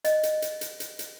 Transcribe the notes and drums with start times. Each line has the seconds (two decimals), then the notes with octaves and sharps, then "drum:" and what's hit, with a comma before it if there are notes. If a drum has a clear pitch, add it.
0.05 D#5, drum: hi-hat
0.23 drum: hi-hat
0.42 drum: hi-hat
0.61 drum: hi-hat
0.80 drum: hi-hat
0.99 drum: hi-hat